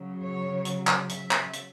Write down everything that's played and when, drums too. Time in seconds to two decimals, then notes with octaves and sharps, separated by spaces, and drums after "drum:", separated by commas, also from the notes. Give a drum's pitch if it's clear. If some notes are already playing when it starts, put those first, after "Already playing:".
Already playing: C#3 F#3
0.21 C#5
0.65 drum: hi-hat
0.87 drum: clap
1.09 E5, drum: hi-hat
1.31 drum: clap
1.53 drum: hi-hat